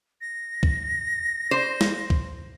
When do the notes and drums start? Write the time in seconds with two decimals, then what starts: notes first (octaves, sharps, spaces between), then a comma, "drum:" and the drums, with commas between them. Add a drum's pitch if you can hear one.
0.21 A#6
0.63 drum: kick
1.51 C5
1.81 drum: snare
2.10 drum: kick